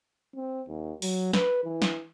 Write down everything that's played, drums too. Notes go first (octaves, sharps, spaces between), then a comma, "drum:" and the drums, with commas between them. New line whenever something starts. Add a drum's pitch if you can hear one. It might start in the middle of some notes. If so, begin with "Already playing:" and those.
C4
D#2
F#3, drum: open hi-hat
B4, drum: snare
E3
drum: snare